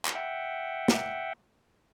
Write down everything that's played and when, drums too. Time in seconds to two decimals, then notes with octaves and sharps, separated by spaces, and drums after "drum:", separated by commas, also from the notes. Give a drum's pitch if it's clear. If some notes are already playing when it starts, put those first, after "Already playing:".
0.05 drum: clap
0.15 E5 F#5 G5
0.88 drum: snare